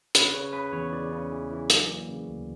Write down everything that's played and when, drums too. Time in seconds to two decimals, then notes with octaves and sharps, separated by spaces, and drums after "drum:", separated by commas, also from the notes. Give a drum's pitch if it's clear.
0.15 C#3 B4, drum: hi-hat
0.34 C#3 C#5
0.53 C#3 B4
0.72 E2 C#5
0.92 E3 D5
1.12 C#3
1.31 E3
1.51 E3
1.70 F#3, drum: hi-hat
1.90 A#3
2.09 C#3
2.28 D2